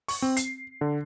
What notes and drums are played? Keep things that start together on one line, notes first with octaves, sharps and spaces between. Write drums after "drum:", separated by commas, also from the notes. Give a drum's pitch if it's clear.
C#6, drum: open hi-hat
C4
C7, drum: hi-hat
D3